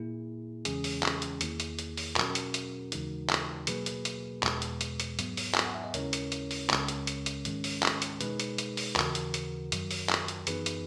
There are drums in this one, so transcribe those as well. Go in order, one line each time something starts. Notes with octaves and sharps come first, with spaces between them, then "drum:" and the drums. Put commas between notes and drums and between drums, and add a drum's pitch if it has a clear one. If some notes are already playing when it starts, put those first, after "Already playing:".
Already playing: A#2 A#3 E4 G#4
E2 C#3 E3 G#3 C#4 G#4, drum: hi-hat
drum: open hi-hat
drum: clap
drum: hi-hat
E2 D#3 A#3 E4, drum: hi-hat
drum: hi-hat
drum: hi-hat
drum: open hi-hat
B2 F#3 C#4 F#4 A#4, drum: clap
drum: hi-hat
drum: hi-hat
D#2 C#3 E3 G#3 D#4, drum: hi-hat
drum: clap
B2 F#3 A#3 G#4 B4, drum: hi-hat
drum: hi-hat
drum: hi-hat
E2 B2 G#3, drum: clap
drum: hi-hat
drum: hi-hat
drum: hi-hat
G#2 F#3 B3, drum: hi-hat
drum: open hi-hat
G#5, drum: clap
F#5
E5
D#5
D#2 C#3 G#3 C#4 E4 A#4 C#5, drum: hi-hat
drum: hi-hat
drum: hi-hat
drum: open hi-hat
C#2 C#3 G#3 C#4, drum: clap
drum: hi-hat
drum: hi-hat
drum: hi-hat
G#2 D#3 G#3 C#4, drum: hi-hat
drum: open hi-hat
drum: clap
drum: hi-hat
B2 G#3 D#4 G#4 B4, drum: hi-hat
drum: hi-hat
drum: hi-hat
drum: open hi-hat
D#2 C#3 E3 F#4 A#4, drum: clap
drum: hi-hat
drum: hi-hat
F#2 D#3 F#3, drum: hi-hat
drum: open hi-hat
drum: clap
drum: hi-hat
F#2 E3 B3 D#4 G#4 B4, drum: hi-hat
drum: hi-hat